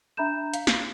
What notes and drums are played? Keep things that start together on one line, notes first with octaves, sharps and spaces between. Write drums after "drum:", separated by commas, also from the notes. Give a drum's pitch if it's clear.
D4 E5 A#5 B5 G6 E7
F5, drum: hi-hat
drum: snare